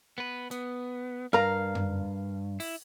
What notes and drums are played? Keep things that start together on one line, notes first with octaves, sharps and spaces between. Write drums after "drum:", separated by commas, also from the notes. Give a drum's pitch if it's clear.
B3 B4
B3, drum: hi-hat
G2 A#4 F5 A#5
drum: tom F#2
E4, drum: open hi-hat